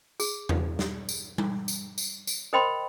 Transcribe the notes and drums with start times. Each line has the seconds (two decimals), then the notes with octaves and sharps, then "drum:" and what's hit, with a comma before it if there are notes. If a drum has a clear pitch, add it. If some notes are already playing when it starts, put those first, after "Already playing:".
0.20 G#4, drum: tambourine
0.49 drum: tom E2
0.79 drum: snare
1.09 drum: tambourine
1.38 drum: tom G3
1.68 drum: tambourine
1.98 drum: tambourine
2.27 drum: tambourine
2.53 A#4 C5 D#5 G5 B5 C6